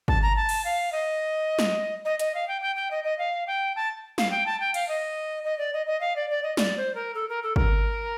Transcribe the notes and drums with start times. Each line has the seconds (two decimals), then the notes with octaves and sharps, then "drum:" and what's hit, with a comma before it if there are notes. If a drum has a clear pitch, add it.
0.08 A5, drum: kick
0.22 A#5
0.36 A5
0.49 drum: cymbal
0.65 F5
0.92 D#5
1.59 drum: snare
2.05 D#5
2.19 D#5, drum: hi-hat
2.34 F5
2.48 G5
2.61 G5
2.76 G5
2.91 D#5
3.04 D#5
3.18 F5
3.47 G5
3.76 A5
4.18 F5, drum: snare
4.31 G5
4.46 A5
4.60 G5
4.74 F5, drum: cymbal
4.88 D#5
5.45 D#5
5.58 D5
5.73 D#5
5.86 D#5
6.01 F5
6.16 D5
6.30 D5
6.43 D#5
6.57 D5, drum: snare
6.77 C5
6.95 A#4
7.15 A4
7.29 A#4
7.43 A4
7.56 A#4, drum: kick